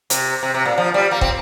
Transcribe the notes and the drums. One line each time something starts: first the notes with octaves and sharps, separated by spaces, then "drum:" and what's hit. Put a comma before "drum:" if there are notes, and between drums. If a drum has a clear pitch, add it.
C3, drum: hi-hat
C3
C3
A#2
F3
G3
A#3
C4, drum: kick